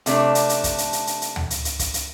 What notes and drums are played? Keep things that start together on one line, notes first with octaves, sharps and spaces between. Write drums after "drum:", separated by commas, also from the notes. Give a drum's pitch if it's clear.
C3 A3 D4, drum: hi-hat
drum: hi-hat
drum: hi-hat
drum: kick, hi-hat
drum: hi-hat
drum: hi-hat
drum: hi-hat
drum: hi-hat
drum: tom D2
drum: hi-hat
drum: hi-hat
drum: kick, hi-hat
drum: hi-hat